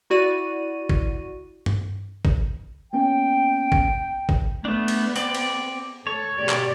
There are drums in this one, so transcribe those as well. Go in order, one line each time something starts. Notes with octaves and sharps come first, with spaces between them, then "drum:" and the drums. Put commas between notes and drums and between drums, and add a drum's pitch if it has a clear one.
E4 F#4 D5 D#7
drum: kick
drum: tom G2
drum: kick
A#3 B3 C#4 G5
drum: kick
drum: kick
A3 B3 D4
drum: cymbal
C4 D5, drum: open hi-hat
drum: cymbal
A4 C#5
B2 G4 D5
drum: clap